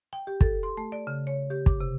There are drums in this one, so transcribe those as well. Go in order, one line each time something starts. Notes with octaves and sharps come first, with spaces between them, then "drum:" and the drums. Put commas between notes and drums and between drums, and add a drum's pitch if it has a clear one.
G5
G4
A4, drum: kick
C6
A3
D5
C#3
C#5
G4
D6, drum: kick
C3